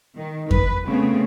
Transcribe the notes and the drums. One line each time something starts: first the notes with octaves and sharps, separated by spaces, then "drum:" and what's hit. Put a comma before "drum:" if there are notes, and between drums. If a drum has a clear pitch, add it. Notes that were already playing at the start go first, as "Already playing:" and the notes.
D#3
B4, drum: kick F2
C#3 A3 B3 C4